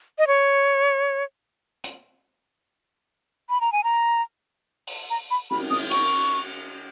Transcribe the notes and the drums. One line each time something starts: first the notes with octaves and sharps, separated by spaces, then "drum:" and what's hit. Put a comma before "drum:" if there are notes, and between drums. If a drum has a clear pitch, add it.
D#5
C#5
drum: hi-hat
B5
A#5
G#5
A#5
drum: open hi-hat
A#5
B5
B5, drum: cymbal
D#6, drum: cymbal
C#6, drum: hi-hat